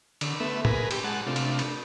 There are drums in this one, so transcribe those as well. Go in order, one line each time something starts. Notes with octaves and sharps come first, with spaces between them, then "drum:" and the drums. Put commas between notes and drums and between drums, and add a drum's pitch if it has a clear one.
D3, drum: cymbal
A3 B3 E5
G#4 A#4 B4, drum: tom
G4, drum: cymbal
G#3 F#5 A5
C3 A3 D4 F4
drum: cymbal
drum: cymbal